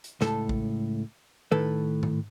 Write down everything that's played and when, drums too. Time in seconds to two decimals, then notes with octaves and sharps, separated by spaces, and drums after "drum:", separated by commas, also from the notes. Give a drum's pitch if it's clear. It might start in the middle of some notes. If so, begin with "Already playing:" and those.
0.04 drum: hi-hat
0.21 C#2 A2 A4 A5, drum: snare
0.49 drum: kick A1
1.52 A2 D#3 A4 B4
2.03 drum: tom G#2